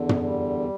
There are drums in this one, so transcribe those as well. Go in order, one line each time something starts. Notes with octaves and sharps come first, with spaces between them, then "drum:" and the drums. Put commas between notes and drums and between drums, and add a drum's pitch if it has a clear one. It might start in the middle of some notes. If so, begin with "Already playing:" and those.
Already playing: E2 D3
B3, drum: tom
G3